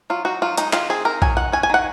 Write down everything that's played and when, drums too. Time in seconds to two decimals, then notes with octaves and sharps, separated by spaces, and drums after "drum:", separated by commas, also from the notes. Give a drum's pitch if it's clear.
0.10 F#3 F4
0.25 D#4 F#4
0.42 F#3 F4
0.57 G#3 D#4, drum: hi-hat
0.73 D#3 F4, drum: clap
0.90 C4 G#4
1.05 D#4 A#4
1.22 F#3 G#5, drum: kick A#1
1.37 D#3 F#5
1.52 C#4 G#5
1.63 G#5
1.70 D#3 F#5